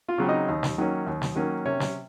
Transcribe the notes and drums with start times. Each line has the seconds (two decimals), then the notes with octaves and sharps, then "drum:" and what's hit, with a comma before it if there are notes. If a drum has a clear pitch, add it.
0.08 F4 F5
0.18 C#3 F#3 C4
0.29 D#4 D#5
0.49 D#2
0.63 drum: snare
0.78 D#3 F#3 A#3 C#4
1.07 D#2
1.22 drum: snare
1.36 D#3 F#3 A#3 C#4
1.66 C3 C#4 C#5
1.80 drum: snare